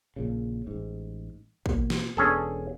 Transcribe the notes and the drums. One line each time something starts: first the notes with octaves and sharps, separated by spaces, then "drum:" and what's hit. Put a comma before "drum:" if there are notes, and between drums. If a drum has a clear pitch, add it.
A#1 A#2 C#3
A1 G#2
B2 A#3, drum: kick
drum: snare
E1 B3 C#4 D4 G#4 A4